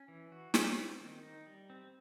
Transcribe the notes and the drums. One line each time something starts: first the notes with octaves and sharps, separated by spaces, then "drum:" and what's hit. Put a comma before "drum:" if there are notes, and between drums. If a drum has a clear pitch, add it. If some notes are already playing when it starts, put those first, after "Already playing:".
Already playing: C#4
E3
F#4
G3, drum: snare
C4
D#3
D#4
G3
C4